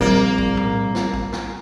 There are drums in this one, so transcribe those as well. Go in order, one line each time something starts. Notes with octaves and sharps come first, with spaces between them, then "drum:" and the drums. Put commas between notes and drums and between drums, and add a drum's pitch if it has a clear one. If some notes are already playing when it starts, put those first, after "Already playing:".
A#1 G3 A#3 C4 A#4 D5
drum: kick A#1
drum: tom A2
drum: snare
drum: kick A#1
drum: snare